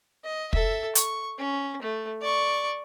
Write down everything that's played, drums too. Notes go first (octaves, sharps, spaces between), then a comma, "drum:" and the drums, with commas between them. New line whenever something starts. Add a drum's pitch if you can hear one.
D#5
A4 E5, drum: kick
C#6, drum: hi-hat
C#4
A3
D5 C#6